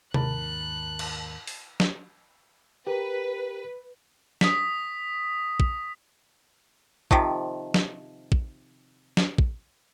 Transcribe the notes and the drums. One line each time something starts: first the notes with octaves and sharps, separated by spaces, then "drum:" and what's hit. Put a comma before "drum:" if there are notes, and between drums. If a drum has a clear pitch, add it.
D#2 G#2 D#3 A#4 A5 B5 F#6, drum: tom C3
drum: cymbal
drum: open hi-hat
drum: snare
G4 A#4 B4
D#6 B6, drum: snare
drum: kick
C3 D#3 F3, drum: kick
drum: snare
drum: kick
drum: snare
drum: kick